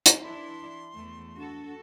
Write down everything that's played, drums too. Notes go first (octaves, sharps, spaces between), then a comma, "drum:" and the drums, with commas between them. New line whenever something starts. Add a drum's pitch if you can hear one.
drum: hi-hat
E3 D4 E4 C6
E2 A3
D4 F#4 A4